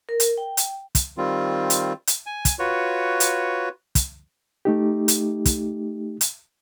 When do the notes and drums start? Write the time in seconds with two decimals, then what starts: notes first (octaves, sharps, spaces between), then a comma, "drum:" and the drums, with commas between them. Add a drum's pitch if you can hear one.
0.09 A#4
0.20 drum: hi-hat
0.38 G5
0.57 drum: hi-hat
0.95 drum: kick, hi-hat
1.18 D#3 G3 C4 F4
1.70 drum: hi-hat
2.07 drum: hi-hat
2.26 G#5
2.45 drum: kick, hi-hat
2.59 F4 F#4 B4 C#5
3.20 drum: hi-hat
3.95 drum: kick, hi-hat
4.65 A3 D#4 G4
5.08 drum: hi-hat
5.45 drum: kick, hi-hat
6.21 drum: hi-hat